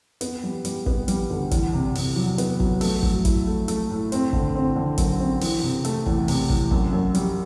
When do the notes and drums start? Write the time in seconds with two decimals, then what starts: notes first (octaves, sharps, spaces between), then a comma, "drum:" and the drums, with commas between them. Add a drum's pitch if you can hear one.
0.21 B3, drum: hi-hat
0.44 G3
0.65 G3, drum: hi-hat
0.86 B3, drum: kick
1.08 G3, drum: hi-hat
1.30 D2
1.51 E2, drum: kick, hi-hat
1.73 C3
1.95 C3, drum: open hi-hat
2.16 F#3
2.38 B3, drum: hi-hat
2.60 F#3, drum: kick
2.81 A3, drum: open hi-hat
3.03 F#3, drum: kick
3.25 E4, drum: kick, hi-hat
3.47 A3
3.68 A3, drum: hi-hat
3.90 A2
4.12 C4, drum: hi-hat
4.33 D3, drum: kick
4.55 C4
4.76 D3
4.98 F#2, drum: kick, hi-hat
5.20 C4
5.41 E3, drum: open hi-hat
5.63 C3
5.85 A3, drum: hi-hat
6.06 E2, drum: kick
6.28 C3, drum: open hi-hat
6.50 E3, drum: kick
6.71 F#2, drum: kick
6.93 F#2
7.15 G3, drum: hi-hat